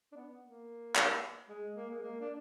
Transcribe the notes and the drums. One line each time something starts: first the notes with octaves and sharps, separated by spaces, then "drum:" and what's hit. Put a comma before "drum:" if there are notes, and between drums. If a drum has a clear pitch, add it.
D4
B3
A#3
drum: clap
G#3
A#3
G#3
A#3
D4